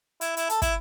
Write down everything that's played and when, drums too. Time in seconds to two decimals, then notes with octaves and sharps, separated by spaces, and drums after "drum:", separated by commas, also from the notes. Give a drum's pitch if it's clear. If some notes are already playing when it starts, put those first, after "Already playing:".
0.21 E4, drum: hi-hat
0.37 E4, drum: hi-hat
0.49 A4, drum: hi-hat
0.62 E4, drum: kick, hi-hat